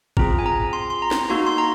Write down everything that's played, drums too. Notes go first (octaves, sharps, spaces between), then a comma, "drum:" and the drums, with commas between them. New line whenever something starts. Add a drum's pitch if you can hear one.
C4 F4 G#4 A#5, drum: kick G#1
G#5
A#5
C6
C6
A#5
drum: snare
A#3 D#4 F#4 C6
C6
A#5